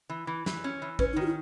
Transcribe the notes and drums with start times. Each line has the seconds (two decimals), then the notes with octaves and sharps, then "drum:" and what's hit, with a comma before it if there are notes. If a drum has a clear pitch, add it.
0.09 E3
0.27 E3
0.46 E3, drum: snare
0.64 C#4
0.82 E3
0.99 C#4 B4, drum: kick
1.13 D#4
1.16 D#3 F#4
1.26 E4